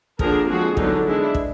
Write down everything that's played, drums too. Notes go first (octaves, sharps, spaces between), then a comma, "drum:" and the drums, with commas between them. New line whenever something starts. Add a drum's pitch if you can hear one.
D3 F3 A#3 D4 G#4 A#4, drum: kick
F3 G#3 C4 F#4 G#4
D3 F#3 B3 D4 D#4, drum: kick
E3 G#3 B3 D4 E4
drum: kick